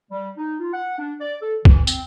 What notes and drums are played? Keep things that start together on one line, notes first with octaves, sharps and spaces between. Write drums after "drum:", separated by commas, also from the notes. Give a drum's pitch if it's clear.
G3
D#4
F4
F#5
D4
D5
A4
E3, drum: kick
C4, drum: tambourine